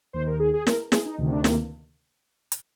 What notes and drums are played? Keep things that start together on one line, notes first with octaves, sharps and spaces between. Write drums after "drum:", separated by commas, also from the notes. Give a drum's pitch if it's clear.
D#2 D#3 C5
A#4
G#4
G#4
A#4, drum: snare
G#4, drum: snare
D#4
D2 C3 D#3
D4
A#3, drum: snare
drum: hi-hat